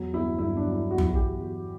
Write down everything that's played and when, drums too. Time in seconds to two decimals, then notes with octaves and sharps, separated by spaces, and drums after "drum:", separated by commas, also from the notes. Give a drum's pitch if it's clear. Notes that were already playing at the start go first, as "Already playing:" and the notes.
Already playing: E2 F#3
0.13 G1 E4
0.39 G2 E4
0.57 D4
0.65 F#3
0.72 E4
0.90 G1 F#4
0.98 E4, drum: tom
1.07 F#4
1.15 E3 G4
1.41 E3 F#4